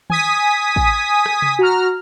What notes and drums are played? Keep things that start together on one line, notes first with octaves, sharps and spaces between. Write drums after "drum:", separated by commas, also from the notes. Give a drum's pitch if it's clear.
G#5 D#6 B6, drum: tom D#3
drum: kick
drum: rim click
drum: tom C3
F#4 A#5 F6